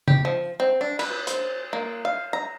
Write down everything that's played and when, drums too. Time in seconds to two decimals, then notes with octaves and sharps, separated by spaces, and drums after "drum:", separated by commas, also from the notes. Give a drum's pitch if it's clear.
0.08 G4, drum: tom
0.25 F3
0.60 C4
0.81 D4
0.99 B4, drum: cymbal
1.27 C5, drum: hi-hat
1.73 A#3
2.05 F5
2.33 A#5